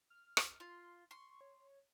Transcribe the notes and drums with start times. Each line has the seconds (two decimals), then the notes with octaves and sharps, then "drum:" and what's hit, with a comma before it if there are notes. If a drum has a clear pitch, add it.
0.10 F6
0.37 drum: rim click
0.60 F4 C6
1.11 C6 C#6
1.41 C#5